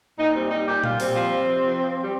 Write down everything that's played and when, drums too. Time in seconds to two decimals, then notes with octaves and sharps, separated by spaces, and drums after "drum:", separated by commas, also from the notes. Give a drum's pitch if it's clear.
0.18 A#2 D#4
0.35 G3 C4
0.51 G3 D#4
0.67 A#2 G4
0.84 A#2 F4, drum: tom A#2
1.00 G3 C4, drum: open hi-hat
1.16 F3
1.32 F2
1.47 C3
1.64 F2
1.80 F3
2.02 G3